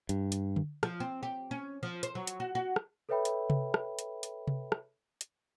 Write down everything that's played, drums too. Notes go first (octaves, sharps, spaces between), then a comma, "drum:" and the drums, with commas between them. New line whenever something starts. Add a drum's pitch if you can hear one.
G2, drum: hi-hat
drum: hi-hat
drum: tom D3
F3, drum: rim click
C4
G4
C#4
F3
C5, drum: hi-hat
F#3
drum: hi-hat
F#4
F#4
drum: rim click
A4 B4 C#5 E5 G5 B5
drum: hi-hat
drum: tom C3
drum: rim click
drum: hi-hat
drum: hi-hat
drum: tom C3
drum: rim click
drum: hi-hat